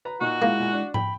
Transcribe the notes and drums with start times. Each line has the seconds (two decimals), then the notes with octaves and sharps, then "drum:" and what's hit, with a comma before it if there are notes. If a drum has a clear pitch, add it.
0.05 B4 A#5
0.21 A#2 D#4 F#4 C#6
0.42 G#3 A#3 E4
0.60 A#2
0.73 D4
0.94 G5 B5, drum: tom G#2